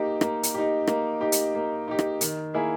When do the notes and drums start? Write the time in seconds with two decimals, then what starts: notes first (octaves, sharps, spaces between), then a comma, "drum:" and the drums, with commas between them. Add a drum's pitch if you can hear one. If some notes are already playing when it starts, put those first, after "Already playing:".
Already playing: A#3 D#4 G4
0.21 A#3, drum: rim click
0.43 drum: hi-hat
0.54 D#4 G4
0.87 A#3, drum: rim click
1.21 D#4 G4
1.32 drum: hi-hat
1.55 A#3
1.88 D#4 G4
1.99 drum: rim click
2.21 D#3, drum: hi-hat
2.54 A#3 E4 G#4